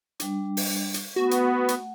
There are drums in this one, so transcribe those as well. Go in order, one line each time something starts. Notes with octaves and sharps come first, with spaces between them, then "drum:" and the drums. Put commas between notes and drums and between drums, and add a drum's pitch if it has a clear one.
G3 D4, drum: hi-hat
drum: open hi-hat
drum: hi-hat
A3 B3 F#4 F#5
drum: hi-hat
drum: hi-hat